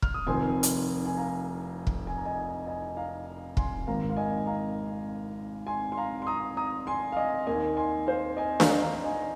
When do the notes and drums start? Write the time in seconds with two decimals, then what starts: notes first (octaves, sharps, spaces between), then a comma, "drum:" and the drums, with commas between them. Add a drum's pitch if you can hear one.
0.02 F6, drum: kick
0.14 D#6
0.27 F1 F2 D#3 C4 G#5 C6
0.63 drum: hi-hat
1.06 G#5
1.17 F5 A#5
1.87 drum: kick
2.07 G#5
2.17 A#5
2.25 D#5 G#5
2.67 D#5 G#5
2.97 F5 A#5
3.57 G#5 C6, drum: kick
3.87 G#1 G#2 D#3 A#3 F5 A#5
4.09 F5
4.17 D#5 G#5
4.47 F5 A#5
5.67 G#5 C6
5.92 C6
5.97 F5 A#5
6.22 C6
6.27 A#5 D#6
6.57 A#5 D#6
6.87 G#5 C6
7.12 F5
7.17 D#5 G#5
7.47 D#2 D#3 A#3 D#5 G#5
7.77 G#5 C6
8.07 C5 F5
8.37 D#5 G#5
8.60 F5 A#5, drum: snare D4
8.82 F5 A#5
8.95 A#5
9.04 D#5 G#5